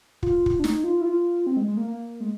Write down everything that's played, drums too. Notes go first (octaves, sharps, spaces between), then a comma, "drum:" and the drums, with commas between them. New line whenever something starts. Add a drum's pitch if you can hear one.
F4, drum: kick
drum: kick
D4
D#4, drum: snare
F4
E4
F4
C4
G#3
G#3
A#3
A#3
G#3